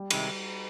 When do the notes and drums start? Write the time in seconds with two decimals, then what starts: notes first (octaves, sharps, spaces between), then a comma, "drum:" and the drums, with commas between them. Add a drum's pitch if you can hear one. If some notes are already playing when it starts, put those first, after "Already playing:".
Already playing: G3
0.10 C3 D#3 G#3, drum: cymbal